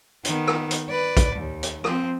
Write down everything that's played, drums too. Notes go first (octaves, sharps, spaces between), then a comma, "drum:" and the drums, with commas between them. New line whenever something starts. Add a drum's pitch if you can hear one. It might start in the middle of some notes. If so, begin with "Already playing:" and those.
D#3 B3, drum: hi-hat
drum: rim click
drum: hi-hat
B4 D5
drum: kick, hi-hat
D#2
drum: hi-hat
F3 C4, drum: rim click